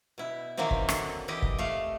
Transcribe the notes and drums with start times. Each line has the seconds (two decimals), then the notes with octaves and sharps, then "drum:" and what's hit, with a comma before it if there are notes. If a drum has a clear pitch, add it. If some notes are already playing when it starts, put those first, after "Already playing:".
0.18 B2 E4
0.57 D#3 E3 F#3 A#3 C4
0.71 drum: kick
0.89 D3, drum: rim click
1.28 E3 E4 G4 D#5
1.42 drum: kick
1.58 A3 F5